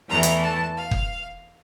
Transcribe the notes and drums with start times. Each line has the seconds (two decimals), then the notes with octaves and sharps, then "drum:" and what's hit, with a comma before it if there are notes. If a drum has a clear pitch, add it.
0.09 E2 E3 A3 A#5
0.23 drum: hi-hat
0.43 A5
0.77 F5
0.91 drum: kick